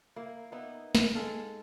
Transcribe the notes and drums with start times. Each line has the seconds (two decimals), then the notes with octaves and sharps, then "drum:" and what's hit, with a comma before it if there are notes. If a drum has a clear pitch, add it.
0.16 A#3 E4
0.52 B3 D#4 E4
0.95 drum: snare
1.15 G#3 A4 F5